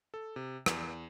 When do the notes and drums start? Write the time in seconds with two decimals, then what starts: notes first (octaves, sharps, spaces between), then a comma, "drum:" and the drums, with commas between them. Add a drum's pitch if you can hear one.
0.14 A4
0.36 C3
0.66 E2, drum: rim click